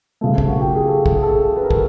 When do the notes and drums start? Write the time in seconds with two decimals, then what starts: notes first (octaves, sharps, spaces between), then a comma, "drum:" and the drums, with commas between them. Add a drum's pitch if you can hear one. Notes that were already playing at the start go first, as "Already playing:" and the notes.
0.21 F#2 C#3 F3 A3
0.38 drum: kick
0.47 F#4
0.61 G4
0.75 G#4
0.88 A4
1.06 drum: kick
1.15 G#4
1.23 A4
1.56 B4
1.63 A#4
1.71 A4, drum: kick